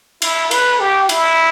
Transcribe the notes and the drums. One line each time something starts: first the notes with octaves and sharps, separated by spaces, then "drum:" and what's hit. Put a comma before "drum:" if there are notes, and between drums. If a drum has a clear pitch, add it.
E4, drum: cymbal
B4, drum: cymbal
G4
E4, drum: cymbal